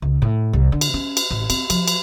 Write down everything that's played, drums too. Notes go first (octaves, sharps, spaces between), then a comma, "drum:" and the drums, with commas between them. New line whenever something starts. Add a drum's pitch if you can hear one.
C#2
A2
C2
D3
drum: cymbal
C#4
drum: cymbal
A1
C4, drum: cymbal
F3, drum: cymbal
drum: cymbal